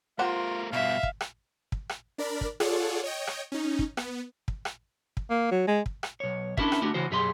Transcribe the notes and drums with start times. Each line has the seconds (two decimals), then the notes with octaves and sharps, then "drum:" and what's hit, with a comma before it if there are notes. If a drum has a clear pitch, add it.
0.19 A3 F4 G4 A#4 C5 F#5
0.73 G2 B2 E5 F5
1.03 drum: kick
1.20 drum: rim click
1.72 drum: kick
1.89 drum: rim click
2.18 D4 A#4 D5 B5
2.41 drum: kick
2.60 F4 G#4 A4 C#5 D5 F#5, drum: rim click
3.04 C#5 D#5 G5
3.27 drum: rim click
3.52 C#4 D#4
3.79 drum: kick
3.97 B3, drum: rim click
4.48 drum: kick
4.65 drum: rim click
5.17 drum: kick
5.30 A#3
5.51 F#3
5.68 G#3
5.86 drum: kick
6.03 drum: rim click
6.20 B1 C#5
6.57 C#4 D4 E4 F#4 A#4 E5, drum: kick
6.72 drum: rim click
6.82 A3 D4 F#4 G4
6.94 C#3 E3 F#4 C5
7.11 F#2 B2 G4 G#4 C#5 C6